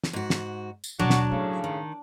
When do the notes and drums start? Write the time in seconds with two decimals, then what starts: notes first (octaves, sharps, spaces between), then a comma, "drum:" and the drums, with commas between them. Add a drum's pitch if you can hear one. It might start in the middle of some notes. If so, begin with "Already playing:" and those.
0.04 drum: snare
0.13 G#2 F#4
0.30 drum: snare
0.84 drum: tambourine
0.99 D#2 B2 F#3 D4 F#4
1.10 drum: snare
1.32 A2 C#3 A3
1.64 D#3